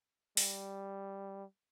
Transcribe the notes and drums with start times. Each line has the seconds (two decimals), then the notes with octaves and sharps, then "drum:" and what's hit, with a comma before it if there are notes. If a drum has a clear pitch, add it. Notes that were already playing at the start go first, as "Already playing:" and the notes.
0.37 G3, drum: open hi-hat